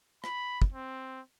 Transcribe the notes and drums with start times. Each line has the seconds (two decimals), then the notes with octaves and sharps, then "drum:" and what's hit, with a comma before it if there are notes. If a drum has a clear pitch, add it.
0.24 B5, drum: rim click
0.62 drum: kick
0.73 C4